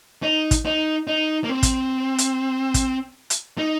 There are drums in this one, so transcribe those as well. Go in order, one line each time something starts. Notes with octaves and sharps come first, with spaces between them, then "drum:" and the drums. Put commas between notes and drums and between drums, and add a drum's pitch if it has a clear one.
D#4
drum: kick, hi-hat
D#4
D#4
A#3
C4
drum: kick, hi-hat
drum: hi-hat
drum: kick, hi-hat
drum: hi-hat
D#4